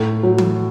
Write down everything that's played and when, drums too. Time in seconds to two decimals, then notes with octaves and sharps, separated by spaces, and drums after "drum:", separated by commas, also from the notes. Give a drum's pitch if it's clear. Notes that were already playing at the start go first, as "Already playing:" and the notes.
Already playing: A2
0.23 F#3
0.38 drum: tom